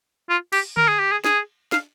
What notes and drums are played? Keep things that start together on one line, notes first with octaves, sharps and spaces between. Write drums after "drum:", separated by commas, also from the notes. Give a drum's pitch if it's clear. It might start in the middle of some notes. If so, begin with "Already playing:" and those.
F4
G4, drum: cymbal
A#4, drum: tom D3
G#4
G4
G#4
G#4, drum: snare
F5, drum: snare